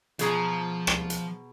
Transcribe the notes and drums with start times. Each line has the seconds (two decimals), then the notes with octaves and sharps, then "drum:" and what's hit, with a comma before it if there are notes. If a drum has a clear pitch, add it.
0.19 B2 F3 G#4 A#5, drum: hi-hat
0.87 drum: rim click
1.10 drum: hi-hat